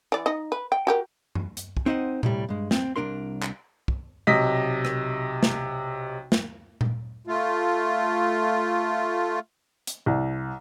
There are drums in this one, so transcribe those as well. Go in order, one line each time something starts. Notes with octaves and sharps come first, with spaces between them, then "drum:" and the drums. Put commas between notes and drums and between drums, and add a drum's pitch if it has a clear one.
E3 D5
D#4 D#5
B4
G5
F#4 G4 A#4
drum: tom F#2
drum: hi-hat
drum: kick
C4 D#4 C5 D#5 E5 F#5
A2 C3 G3, drum: tom A#2
G2 G#3
C4, drum: snare
C2 G2 D4 A#4 C6
drum: clap
drum: kick
B1 C3 D#5 B6
drum: rim click
drum: snare
drum: snare
drum: tom A#2
A3 F4
drum: hi-hat
C2